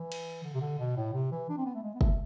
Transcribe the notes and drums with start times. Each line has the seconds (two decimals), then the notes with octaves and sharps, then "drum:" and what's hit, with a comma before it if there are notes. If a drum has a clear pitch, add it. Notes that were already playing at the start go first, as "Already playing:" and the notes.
Already playing: E3
0.12 drum: cymbal
0.44 D3
0.54 C3
0.61 D3
0.79 B2
0.96 A2
1.13 C3
1.31 E3
1.49 D4
1.58 C4
1.66 B3
1.75 A3
1.83 G#3
1.95 B3
2.01 A3, drum: kick